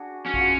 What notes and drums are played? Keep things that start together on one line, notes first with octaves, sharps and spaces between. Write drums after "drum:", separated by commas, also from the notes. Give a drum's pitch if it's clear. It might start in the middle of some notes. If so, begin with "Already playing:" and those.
Already playing: D4 F#4 G#4
C#4 F#4
F4, drum: kick A1
F#4